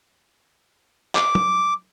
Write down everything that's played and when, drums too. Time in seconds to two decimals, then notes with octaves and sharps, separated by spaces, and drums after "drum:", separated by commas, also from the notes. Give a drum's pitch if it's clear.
1.15 D6, drum: clap
1.35 drum: tom F#3